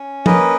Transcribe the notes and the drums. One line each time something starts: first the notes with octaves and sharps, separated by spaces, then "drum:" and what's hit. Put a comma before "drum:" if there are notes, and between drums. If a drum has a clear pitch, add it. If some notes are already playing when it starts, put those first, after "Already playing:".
Already playing: C#4
A#3 B4 D#5, drum: tom